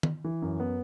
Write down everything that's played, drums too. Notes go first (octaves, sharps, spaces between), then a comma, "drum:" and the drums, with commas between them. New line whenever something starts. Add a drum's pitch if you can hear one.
drum: tom D#3
E3
F#2
B3